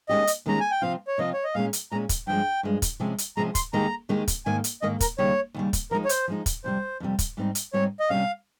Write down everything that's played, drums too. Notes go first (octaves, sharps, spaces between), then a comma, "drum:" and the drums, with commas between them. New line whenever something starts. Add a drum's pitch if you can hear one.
D#2 D#3 G#3 C#4 G4 D#5
drum: hi-hat
D#2 D#3 G#3 C#4 G4 A#5
G#5
G5
C3 F3 C4 F4 F5
C#5
C3 F3 C4 F4 D#5
C#5
D#5
A#2 G#3 C#4 F5
drum: hi-hat
A#2 G#3 C#4 A#5
drum: kick, hi-hat
G2 F3 G#3 G5
G2 F3 G#3
drum: kick, hi-hat
C3 F3 G#3 C#4 G#4
drum: hi-hat
C3 F3 G#3 C#4 G#4 A#5
C6, drum: kick, hi-hat
D#2 D#3 G#3 D#4 G4 A#5
D#2 D#3 G#3 D#4 G4
drum: kick, hi-hat
G#2 D#3 A#3 G#5
drum: hi-hat
G#2 D#3 A#3 D#5
A#4, drum: kick, hi-hat
D#2 C#3 G3 C#5
D#2 C#3 G3
drum: kick, hi-hat
F3 G#3 D#4 A#4
C#5
C5, drum: hi-hat
F3 G#3 D#4
drum: kick, hi-hat
F2 C3 G3 C5
F2 C3 G3
drum: kick, hi-hat
G#2 G3 C4 D#4
drum: hi-hat
G#2 G3 C4 D#4 C#5
D#5
C3 G3 C#4 F5